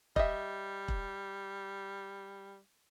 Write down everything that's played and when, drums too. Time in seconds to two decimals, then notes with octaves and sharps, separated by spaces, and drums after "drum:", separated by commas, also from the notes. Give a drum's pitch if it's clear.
0.16 G3 D#5 E5, drum: kick E1
0.88 drum: kick E1